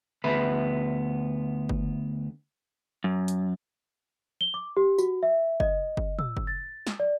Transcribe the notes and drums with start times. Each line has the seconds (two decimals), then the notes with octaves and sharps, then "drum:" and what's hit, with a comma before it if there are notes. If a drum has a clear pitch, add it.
0.24 D2 B3 B4 E5 B5
1.69 drum: kick F#1
3.04 F#2
3.28 drum: hi-hat
4.41 G7
4.54 D6
4.77 G4
4.98 F#4, drum: tambourine
5.23 E5
5.60 D#5, drum: kick F#1
5.97 drum: kick F#1
6.19 E6, drum: tom
6.37 drum: kick F#1
6.47 A6
6.87 drum: snare
7.00 D5